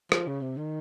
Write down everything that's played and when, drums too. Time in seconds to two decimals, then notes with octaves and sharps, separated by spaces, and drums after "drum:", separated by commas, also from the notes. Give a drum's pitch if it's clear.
0.12 F3, drum: rim click
0.27 C#3
0.42 C3
0.57 D#3